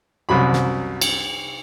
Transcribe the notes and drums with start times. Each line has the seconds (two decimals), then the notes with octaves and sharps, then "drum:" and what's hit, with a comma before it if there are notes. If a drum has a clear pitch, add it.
0.29 C2 F#2 B5
0.53 drum: snare
1.01 drum: cymbal